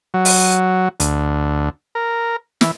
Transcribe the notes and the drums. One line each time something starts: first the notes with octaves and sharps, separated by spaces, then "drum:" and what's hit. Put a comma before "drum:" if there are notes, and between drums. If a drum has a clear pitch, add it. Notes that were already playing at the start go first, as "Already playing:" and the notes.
F#3
drum: open hi-hat
D2, drum: hi-hat
A#4
E3, drum: snare